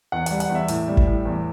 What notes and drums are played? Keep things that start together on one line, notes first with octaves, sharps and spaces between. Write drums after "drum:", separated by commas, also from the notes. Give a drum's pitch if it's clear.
E2 F#5
G3 F#5, drum: hi-hat
F#5, drum: hi-hat
E2
E5
A2, drum: hi-hat
G3
drum: kick
A2
E2